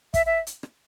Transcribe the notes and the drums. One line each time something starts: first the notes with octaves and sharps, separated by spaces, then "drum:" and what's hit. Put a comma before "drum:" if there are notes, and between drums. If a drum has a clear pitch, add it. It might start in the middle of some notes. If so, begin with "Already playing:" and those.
E5, drum: kick, hi-hat
E5
drum: hi-hat
drum: rim click